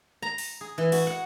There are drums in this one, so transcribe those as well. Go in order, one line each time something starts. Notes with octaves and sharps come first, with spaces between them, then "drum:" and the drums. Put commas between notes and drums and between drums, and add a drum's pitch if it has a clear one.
A#5
drum: open hi-hat
G#4
E3
F#4, drum: open hi-hat
F#5